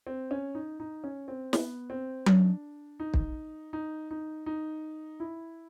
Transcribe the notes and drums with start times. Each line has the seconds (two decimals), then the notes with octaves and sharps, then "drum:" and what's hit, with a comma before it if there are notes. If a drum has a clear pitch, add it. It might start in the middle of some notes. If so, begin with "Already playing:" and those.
0.07 C4
0.31 C#4
0.55 D#4
0.80 D#4
1.04 C#4
1.28 C4
1.53 B3, drum: snare
1.90 C4
2.26 D4, drum: tom F#3
3.00 D#4
3.14 drum: kick
3.73 D#4
4.11 D#4
4.46 D#4
5.20 E4